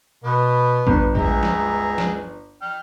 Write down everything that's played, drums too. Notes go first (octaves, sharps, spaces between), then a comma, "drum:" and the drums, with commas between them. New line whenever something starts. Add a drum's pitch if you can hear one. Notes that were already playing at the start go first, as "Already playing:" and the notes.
B2 B3
G1, drum: kick A#1
C#2 G#4 E5 A#5, drum: kick A#1
drum: snare
drum: snare
G5 F6